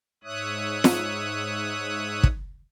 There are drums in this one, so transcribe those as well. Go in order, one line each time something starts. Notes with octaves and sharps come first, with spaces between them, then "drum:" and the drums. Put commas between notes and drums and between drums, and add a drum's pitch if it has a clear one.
G#2 C#5 E5 D#6 F#6
drum: snare
drum: kick